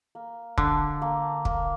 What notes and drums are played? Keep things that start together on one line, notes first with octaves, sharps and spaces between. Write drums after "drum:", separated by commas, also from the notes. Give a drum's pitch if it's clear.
A#3
D3 D4, drum: kick
A#3
A#3, drum: kick